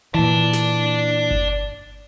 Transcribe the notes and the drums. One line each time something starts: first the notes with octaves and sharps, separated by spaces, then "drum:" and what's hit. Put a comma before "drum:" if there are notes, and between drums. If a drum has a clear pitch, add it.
A#2 E3 D5 A5
drum: snare
drum: kick G1